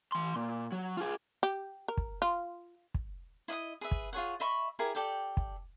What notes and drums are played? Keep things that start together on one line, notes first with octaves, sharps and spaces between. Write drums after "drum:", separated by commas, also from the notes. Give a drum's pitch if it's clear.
E3 C6
A#2
F#3
F4 G#4
G4
A#4
drum: kick
F4
drum: kick
E4 D#5 F#5 D#6
G#4 B4 E5
drum: kick
F4 G#4 C#5 F#5
D#5 E5 B5 C#6
E4 G4 G#4 A#4
G4 A4 D5 G5
drum: kick